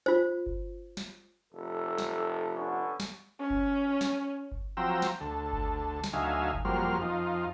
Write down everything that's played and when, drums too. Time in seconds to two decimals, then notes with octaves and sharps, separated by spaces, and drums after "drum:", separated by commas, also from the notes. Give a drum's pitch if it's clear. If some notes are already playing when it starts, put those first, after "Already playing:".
0.06 F4 C5
0.46 drum: kick G1
0.97 drum: snare
1.53 F1 A4
1.98 drum: snare
2.52 D3 B3 C#4
3.00 drum: snare
3.40 C#4
3.50 drum: kick G1
4.01 drum: snare
4.52 drum: kick G1
4.77 F3 F#3 C4 G5 A#5 E6
5.02 drum: snare
5.20 D2 A4
5.53 drum: kick G1
6.04 drum: snare
6.13 D2 F#3 D#4 E5 F5 G#5
6.54 drum: kick G1
6.65 F2 F#3 G3 A#3 C5 F6
7.02 F2 D#4 F4